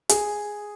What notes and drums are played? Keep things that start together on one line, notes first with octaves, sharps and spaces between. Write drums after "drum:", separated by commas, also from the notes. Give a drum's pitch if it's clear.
G#4, drum: hi-hat